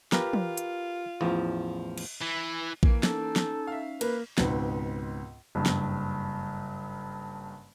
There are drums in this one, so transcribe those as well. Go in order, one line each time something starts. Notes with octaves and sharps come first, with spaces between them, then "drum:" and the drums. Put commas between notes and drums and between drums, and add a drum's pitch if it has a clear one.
F4 G4 A#4 B4, drum: snare
drum: tom
drum: hi-hat
A1 E2 F3
drum: cymbal
E3
E3 A#3, drum: kick A#1
C#4 D#4 A4, drum: snare
drum: snare
E5 F5
A#3 B4, drum: cymbal
C#2 G#2 B2 C4 B4, drum: snare
F#1 G2
drum: snare